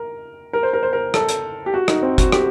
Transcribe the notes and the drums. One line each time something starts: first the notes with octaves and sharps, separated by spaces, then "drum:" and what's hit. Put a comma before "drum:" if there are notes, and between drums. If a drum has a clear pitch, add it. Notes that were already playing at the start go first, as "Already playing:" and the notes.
Already playing: A#4
A#4
C5
A#4
C5
A#4
A4, drum: rim click
drum: hi-hat
G4
F#4
D#4, drum: rim click
C4
F#4, drum: kick, hi-hat
G4, drum: rim click